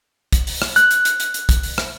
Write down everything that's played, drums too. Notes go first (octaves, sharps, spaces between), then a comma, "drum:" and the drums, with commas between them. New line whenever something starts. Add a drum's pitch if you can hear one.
drum: kick, hi-hat
drum: open hi-hat
drum: rim click
F#6, drum: hi-hat
drum: hi-hat
drum: hi-hat
drum: hi-hat
drum: hi-hat
drum: kick, hi-hat
drum: open hi-hat
drum: rim click